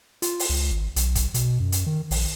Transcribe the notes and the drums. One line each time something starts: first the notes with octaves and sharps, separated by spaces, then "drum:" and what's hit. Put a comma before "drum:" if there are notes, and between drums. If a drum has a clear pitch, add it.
F4, drum: hi-hat
drum: open hi-hat
C#2
G#1
B1, drum: hi-hat
drum: kick, hi-hat
B2, drum: hi-hat
F#2
drum: hi-hat
D#3
A#1, drum: open hi-hat